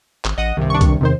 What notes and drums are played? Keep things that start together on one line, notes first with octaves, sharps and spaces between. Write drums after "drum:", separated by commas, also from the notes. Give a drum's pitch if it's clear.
G#1, drum: clap
A1 D#5 F#5 D#6
C2 G2 C3 D#3
D4 C#6
drum: kick, hi-hat
E2 C3 D#3 C5